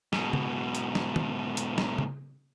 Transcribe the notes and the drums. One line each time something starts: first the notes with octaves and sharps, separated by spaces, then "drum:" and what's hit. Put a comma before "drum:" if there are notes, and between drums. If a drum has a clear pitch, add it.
G#2 B2, drum: snare
drum: tom C#3
drum: hi-hat
drum: snare
drum: tom
drum: hi-hat
drum: snare
drum: tom C#3